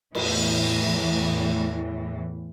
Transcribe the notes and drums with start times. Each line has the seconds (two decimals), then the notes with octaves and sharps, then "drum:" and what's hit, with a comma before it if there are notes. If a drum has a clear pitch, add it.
0.15 E2 A2 E3, drum: cymbal